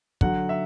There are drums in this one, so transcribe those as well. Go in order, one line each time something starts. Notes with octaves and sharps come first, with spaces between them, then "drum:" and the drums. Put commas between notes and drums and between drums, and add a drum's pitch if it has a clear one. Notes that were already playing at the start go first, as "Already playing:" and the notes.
D3 F#3 F#5, drum: kick
E5